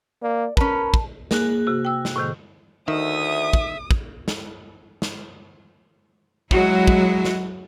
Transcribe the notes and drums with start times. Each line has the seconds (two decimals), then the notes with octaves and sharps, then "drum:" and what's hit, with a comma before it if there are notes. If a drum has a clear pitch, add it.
0.22 A#3 D5
0.57 C#4 A#4 B4 A5, drum: kick
0.94 drum: kick
1.31 A#3 G#4 F#6, drum: snare
1.67 C3 F#4
1.85 G5 E6
2.05 drum: snare
2.16 A2 C3 D#3
2.88 D2 D#3 E5 D#6
3.53 drum: kick
3.91 drum: kick
4.28 drum: snare
5.02 drum: snare
6.51 F#3 G#3 E4 F#4, drum: kick
6.87 drum: kick
7.25 drum: snare